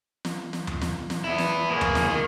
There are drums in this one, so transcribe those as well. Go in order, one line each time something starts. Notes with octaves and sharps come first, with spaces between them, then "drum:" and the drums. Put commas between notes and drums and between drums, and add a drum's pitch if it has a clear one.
drum: snare
drum: snare
drum: tom D#2
drum: snare
drum: snare
B3 E4
drum: snare
A#3 G#4
drum: tom D#2
drum: snare
D#3